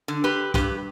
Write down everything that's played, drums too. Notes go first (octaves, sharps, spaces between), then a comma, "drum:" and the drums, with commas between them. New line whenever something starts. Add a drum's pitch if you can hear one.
D3
G4 B4
G2 G4 B4, drum: kick B1, hi-hat